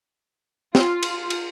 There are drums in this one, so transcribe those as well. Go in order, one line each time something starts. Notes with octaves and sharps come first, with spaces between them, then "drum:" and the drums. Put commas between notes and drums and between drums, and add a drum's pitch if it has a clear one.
F4, drum: snare
drum: cymbal
drum: cymbal